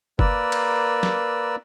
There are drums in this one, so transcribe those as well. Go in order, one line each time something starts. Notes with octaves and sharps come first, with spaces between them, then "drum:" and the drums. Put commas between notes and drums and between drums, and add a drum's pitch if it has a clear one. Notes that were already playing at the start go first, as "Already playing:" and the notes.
A#3 A#4 B4 D5 E6, drum: kick
drum: cymbal
drum: snare